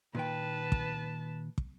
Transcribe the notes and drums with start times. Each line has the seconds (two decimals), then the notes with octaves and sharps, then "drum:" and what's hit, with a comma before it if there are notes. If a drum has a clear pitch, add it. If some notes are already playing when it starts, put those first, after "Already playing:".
0.15 A#2 D#3 B4 G5 A5
0.72 drum: kick
1.58 drum: kick